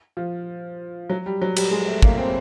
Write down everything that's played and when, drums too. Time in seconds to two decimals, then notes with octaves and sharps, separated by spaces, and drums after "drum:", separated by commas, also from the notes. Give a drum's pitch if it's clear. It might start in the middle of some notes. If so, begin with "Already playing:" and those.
0.17 F3
1.10 F#3
1.26 G3
1.42 F#3
1.57 G3, drum: cymbal
1.71 G#3
1.88 A3
2.02 A#3, drum: kick
2.18 C4